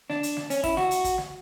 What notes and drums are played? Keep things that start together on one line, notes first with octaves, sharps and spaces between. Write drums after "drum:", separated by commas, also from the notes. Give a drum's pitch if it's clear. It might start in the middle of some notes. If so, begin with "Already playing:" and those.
D4, drum: snare
drum: hi-hat
drum: snare
C#4, drum: hi-hat
E4, drum: kick, open hi-hat
F#4, drum: snare
drum: hi-hat
drum: kick, hi-hat
drum: snare